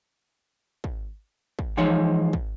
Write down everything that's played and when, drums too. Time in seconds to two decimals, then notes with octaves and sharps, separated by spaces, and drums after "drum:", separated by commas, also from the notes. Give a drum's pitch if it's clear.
0.84 drum: kick
1.59 drum: kick
1.77 E3 F3 G#3 D#4 C#5
2.33 drum: kick